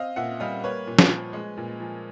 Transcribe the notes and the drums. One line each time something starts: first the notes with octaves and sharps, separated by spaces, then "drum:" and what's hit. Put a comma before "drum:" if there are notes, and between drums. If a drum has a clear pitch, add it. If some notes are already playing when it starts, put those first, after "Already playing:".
Already playing: C4 D#5 F5
A#2 E5 F#5
G3 D#5 F5
A#3 B4 C#5
A#2
drum: snare
F3
G#3
A#2
F3